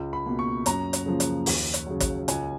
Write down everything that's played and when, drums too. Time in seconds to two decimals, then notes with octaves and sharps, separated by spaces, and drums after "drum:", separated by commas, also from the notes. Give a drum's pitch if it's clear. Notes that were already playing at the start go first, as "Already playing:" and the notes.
Already playing: C#2
0.13 B5
0.26 B2 A#3
0.39 C#6
0.66 F#2 A#5, drum: hi-hat
0.93 drum: hi-hat
1.06 C#3 F3 A#3
1.20 drum: hi-hat
1.46 D#2, drum: open hi-hat
1.74 drum: hi-hat
1.86 C#3 F#3
2.00 drum: kick, hi-hat
2.28 C#2 G#5, drum: hi-hat